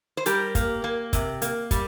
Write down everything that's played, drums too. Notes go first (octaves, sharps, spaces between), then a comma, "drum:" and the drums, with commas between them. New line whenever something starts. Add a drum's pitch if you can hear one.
C5
G3 G4 A#4, drum: hi-hat
A#3, drum: kick, hi-hat
A#3
C3, drum: kick, hi-hat
A#3, drum: hi-hat
G3, drum: kick, hi-hat